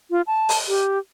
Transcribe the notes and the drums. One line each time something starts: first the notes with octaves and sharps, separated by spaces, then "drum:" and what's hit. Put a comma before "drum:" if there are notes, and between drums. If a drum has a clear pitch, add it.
F4
A5
drum: open hi-hat
G4